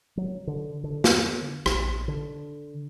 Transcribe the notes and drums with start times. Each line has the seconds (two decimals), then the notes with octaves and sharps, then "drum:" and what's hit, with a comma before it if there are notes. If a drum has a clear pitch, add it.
0.17 F#3
0.47 D3
0.84 D3
1.04 drum: snare
1.66 A#1, drum: rim click
2.08 D3